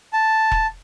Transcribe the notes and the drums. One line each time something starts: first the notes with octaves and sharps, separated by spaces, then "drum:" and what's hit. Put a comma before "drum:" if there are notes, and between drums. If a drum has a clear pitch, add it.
A5
drum: kick E1